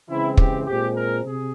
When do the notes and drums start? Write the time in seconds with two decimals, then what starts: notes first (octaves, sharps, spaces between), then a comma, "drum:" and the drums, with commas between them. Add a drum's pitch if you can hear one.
0.09 C#3 E3 G#3 C4 E4
0.37 G4, drum: kick
0.66 A#2 G#3 C4 G4
0.96 A#4
1.24 C3 G#4